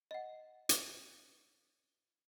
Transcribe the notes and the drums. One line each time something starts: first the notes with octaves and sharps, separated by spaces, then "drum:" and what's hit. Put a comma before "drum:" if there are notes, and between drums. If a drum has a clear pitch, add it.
D#5 F#5
drum: hi-hat